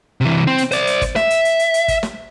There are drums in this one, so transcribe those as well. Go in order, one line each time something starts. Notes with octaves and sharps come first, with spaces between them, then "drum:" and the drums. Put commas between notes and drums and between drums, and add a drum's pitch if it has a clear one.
C3 E3
C4
drum: hi-hat
C5 D5, drum: hi-hat
drum: hi-hat
drum: kick, hi-hat
E5, drum: snare
drum: hi-hat
drum: hi-hat
drum: hi-hat
drum: hi-hat
drum: kick, hi-hat
drum: snare